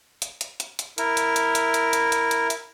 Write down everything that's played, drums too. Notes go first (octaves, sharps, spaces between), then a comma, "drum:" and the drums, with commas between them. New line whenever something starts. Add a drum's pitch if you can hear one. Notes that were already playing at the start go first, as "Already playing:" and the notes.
drum: hi-hat
drum: hi-hat
drum: hi-hat
drum: hi-hat
E4 A#4, drum: hi-hat
drum: hi-hat
drum: hi-hat
drum: hi-hat
drum: hi-hat
drum: hi-hat
drum: hi-hat
drum: hi-hat
drum: hi-hat